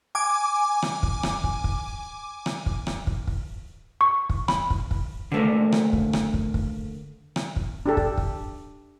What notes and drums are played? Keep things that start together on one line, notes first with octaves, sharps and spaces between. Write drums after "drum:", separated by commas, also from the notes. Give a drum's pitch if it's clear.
G#5 D6
drum: rim click
drum: kick
drum: rim click
drum: kick
drum: kick
drum: rim click
drum: kick
drum: rim click
drum: kick
drum: kick
C#6
drum: kick
B5, drum: rim click
drum: kick
drum: kick
D3 A3 A#3
drum: rim click
drum: kick
drum: rim click
drum: kick
drum: kick
drum: rim click
drum: kick
D4 G4 A4
drum: kick
drum: kick